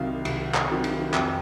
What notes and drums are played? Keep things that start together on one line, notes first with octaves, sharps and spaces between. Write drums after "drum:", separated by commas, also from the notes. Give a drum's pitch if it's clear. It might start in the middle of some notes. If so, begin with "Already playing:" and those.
Already playing: C2 C3 D#3 F#3 F5
C2, drum: cymbal
drum: clap
C3 D#3 F#3
drum: cymbal
F2, drum: clap